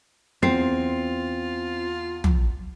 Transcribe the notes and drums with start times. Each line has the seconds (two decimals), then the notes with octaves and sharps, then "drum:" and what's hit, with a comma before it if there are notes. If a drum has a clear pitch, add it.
0.43 E2 C4 F4 C7
2.24 drum: tom